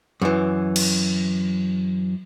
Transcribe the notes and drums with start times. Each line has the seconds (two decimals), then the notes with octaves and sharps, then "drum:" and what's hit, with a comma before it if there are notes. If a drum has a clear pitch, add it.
0.22 F#2 E3
0.76 drum: cymbal